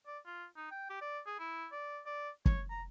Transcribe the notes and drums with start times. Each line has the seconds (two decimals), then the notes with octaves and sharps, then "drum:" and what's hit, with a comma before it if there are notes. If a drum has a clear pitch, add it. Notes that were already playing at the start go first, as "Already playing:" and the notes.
0.06 D5
0.26 F4
0.57 D#4
0.71 G5
0.90 G4
1.01 D5
1.26 G#4
1.39 E4
1.72 D5
2.06 D5
2.46 C#5, drum: kick
2.70 A#5